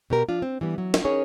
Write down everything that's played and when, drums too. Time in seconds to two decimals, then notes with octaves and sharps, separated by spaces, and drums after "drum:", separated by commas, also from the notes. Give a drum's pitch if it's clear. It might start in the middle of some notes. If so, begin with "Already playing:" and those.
0.10 B2 G4 A#4
0.29 F3 D4 F4
0.42 C4
0.61 E3 G3 B3
0.78 F#3
0.94 drum: snare
1.04 C#4 D#4 G#4 A#4 C#5